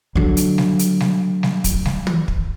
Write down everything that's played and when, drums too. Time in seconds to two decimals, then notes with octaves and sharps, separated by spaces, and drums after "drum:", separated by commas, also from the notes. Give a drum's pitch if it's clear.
0.15 D3 F#3
0.37 drum: hi-hat
0.58 drum: snare G3
0.79 drum: hi-hat
1.00 drum: snare G3
1.43 drum: snare G3
1.64 drum: kick, hi-hat
1.85 drum: snare G3
2.07 drum: tom
2.28 drum: kick